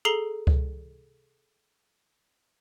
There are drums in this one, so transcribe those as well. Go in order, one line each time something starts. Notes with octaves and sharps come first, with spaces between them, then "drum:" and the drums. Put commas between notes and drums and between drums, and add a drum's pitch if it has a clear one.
G#4 A4 A#5 C7 F7 G7
drum: kick C#2